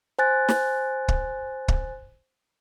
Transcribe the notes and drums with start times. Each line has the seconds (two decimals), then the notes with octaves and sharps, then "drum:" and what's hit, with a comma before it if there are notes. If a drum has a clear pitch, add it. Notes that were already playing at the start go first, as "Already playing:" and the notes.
0.19 C5 G#5 F#6 A6
0.49 drum: snare
1.08 drum: kick
1.68 drum: kick